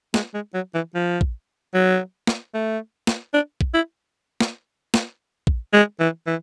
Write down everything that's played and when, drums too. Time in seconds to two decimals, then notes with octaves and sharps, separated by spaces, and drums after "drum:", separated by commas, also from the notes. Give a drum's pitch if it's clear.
0.14 G#3, drum: snare
0.34 G#3
0.54 F#3
0.75 E3
0.95 F3
1.21 drum: kick
1.74 F#3
2.27 drum: snare
2.54 A3
3.07 drum: snare
3.34 D4
3.61 drum: kick
3.74 E4
4.41 drum: snare
4.94 drum: snare
5.47 drum: kick
5.73 G#3
6.00 E3
6.27 E3